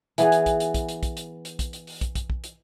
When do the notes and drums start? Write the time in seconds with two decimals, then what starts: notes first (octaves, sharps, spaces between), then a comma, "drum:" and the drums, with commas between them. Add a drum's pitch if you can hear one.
0.18 E3 B3 G#4, drum: hi-hat
0.32 drum: hi-hat
0.46 drum: kick, hi-hat
0.60 drum: hi-hat
0.74 drum: kick, hi-hat
0.89 drum: hi-hat
1.03 drum: kick, hi-hat
1.17 drum: hi-hat
1.45 drum: hi-hat
1.59 drum: kick, hi-hat
1.73 drum: hi-hat
1.87 drum: open hi-hat
2.01 drum: kick, hi-hat
2.15 drum: kick, hi-hat
2.30 drum: kick
2.44 drum: hi-hat